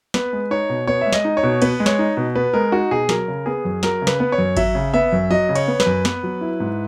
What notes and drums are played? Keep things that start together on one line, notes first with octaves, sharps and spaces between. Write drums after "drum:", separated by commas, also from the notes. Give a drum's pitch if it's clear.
B3 B4, drum: snare
G#3
D#4 C#5
B2
B3 C#5
G#3 E5
D#5, drum: snare
D#4
C#5
B2
B3 B4, drum: cymbal
G#3
C#5, drum: snare
D#4
B2
B3 B4
G#3 A#4
D#4 F#4
B2 G#4
F#3 A#4, drum: snare
C#3
B3 G#4
F#2
F#3 A#4, drum: snare
C#3
B4, drum: snare
B3
C#5
F#2
F#3 E5, drum: kick G#1, cymbal
C#3
B3 E5
F#2
F#3 D#5
C#3
C#5, drum: cymbal
B3
B4, drum: snare
F#2
B3, drum: snare
F#3
E4
G#2